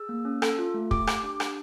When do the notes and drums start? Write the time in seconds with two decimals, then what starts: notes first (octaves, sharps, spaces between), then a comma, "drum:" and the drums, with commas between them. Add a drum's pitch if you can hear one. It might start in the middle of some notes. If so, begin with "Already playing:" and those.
Already playing: G#4 E6
0.09 A#3
0.25 C#4
0.42 A4, drum: rim click
0.58 F4
0.74 A3
0.91 G4 D6, drum: kick
1.07 G4, drum: rim click
1.23 D4
1.40 D4, drum: rim click